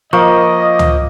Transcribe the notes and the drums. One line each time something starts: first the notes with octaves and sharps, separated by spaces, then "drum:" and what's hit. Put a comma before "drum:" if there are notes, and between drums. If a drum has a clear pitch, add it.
F3 A#3 D#5 C#6
drum: tom C#2